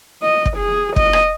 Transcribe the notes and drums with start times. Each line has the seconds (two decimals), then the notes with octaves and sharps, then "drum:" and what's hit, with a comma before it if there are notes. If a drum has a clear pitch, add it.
0.23 D#5
0.45 drum: kick
0.56 G#4
0.96 D#5, drum: kick
1.13 drum: rim click